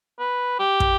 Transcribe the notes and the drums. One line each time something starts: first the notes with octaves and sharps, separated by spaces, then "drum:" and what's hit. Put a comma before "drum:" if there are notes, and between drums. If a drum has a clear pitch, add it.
B4
G4
drum: kick